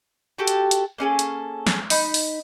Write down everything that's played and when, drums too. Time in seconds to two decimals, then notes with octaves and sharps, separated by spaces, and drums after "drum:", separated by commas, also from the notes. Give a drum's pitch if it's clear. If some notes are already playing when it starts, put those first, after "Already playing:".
0.38 F#4 G4 A4
0.47 drum: hi-hat
0.71 drum: hi-hat
0.98 A#3 C#4 G#4 A4
1.19 drum: hi-hat
1.67 drum: snare
1.90 D#4 B5, drum: open hi-hat
2.14 drum: open hi-hat